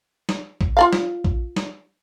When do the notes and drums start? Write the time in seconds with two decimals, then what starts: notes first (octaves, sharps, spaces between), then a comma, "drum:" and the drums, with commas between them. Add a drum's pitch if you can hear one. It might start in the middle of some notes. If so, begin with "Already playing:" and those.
0.29 drum: snare
0.61 drum: kick A#1
0.77 F4 D5 F5
0.93 drum: snare
1.24 drum: kick A#1
1.56 drum: snare